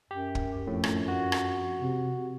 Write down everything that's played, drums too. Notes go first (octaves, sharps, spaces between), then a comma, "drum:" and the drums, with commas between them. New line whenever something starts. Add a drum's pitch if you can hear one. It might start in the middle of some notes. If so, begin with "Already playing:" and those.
F#2 G4
drum: kick
F2 A2
drum: rim click
F#4
drum: rim click
C3